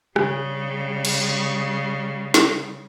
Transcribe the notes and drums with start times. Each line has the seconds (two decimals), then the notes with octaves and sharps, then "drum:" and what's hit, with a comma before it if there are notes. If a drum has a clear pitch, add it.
0.16 C#3 G3, drum: rim click
1.05 drum: cymbal
2.34 drum: snare